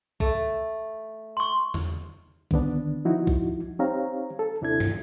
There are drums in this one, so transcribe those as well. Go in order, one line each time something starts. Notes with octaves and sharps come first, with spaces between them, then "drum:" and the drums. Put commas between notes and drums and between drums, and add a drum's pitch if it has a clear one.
A3, drum: kick
C6 C#6
drum: tom E2
D3 D#3 B3 D4, drum: kick
F3 D#4 E4 F#4
drum: kick
C4 D#4 G4 C#5 F5 A#5
A4
D#2 C3 D4 E4 A4 G#6
drum: tom